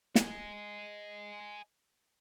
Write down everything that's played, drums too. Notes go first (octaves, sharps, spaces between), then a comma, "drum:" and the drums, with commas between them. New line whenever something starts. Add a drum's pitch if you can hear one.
D#5 G#5, drum: snare